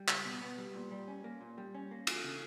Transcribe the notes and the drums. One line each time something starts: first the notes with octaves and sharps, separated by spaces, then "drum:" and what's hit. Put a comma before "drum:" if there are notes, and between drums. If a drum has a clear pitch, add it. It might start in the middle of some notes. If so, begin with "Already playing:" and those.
Already playing: G3
C#2, drum: clap
B2
B3
G3
A#2
G3
C#4
A#3
A#2
G3
C#4
A#3
E2, drum: cymbal
C#3